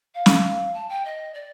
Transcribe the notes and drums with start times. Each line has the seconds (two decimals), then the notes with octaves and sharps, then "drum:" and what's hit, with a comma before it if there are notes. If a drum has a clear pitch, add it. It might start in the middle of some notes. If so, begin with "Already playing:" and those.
0.14 F5
0.26 drum: snare
0.74 A5
0.89 G5
1.05 D#5
1.34 D5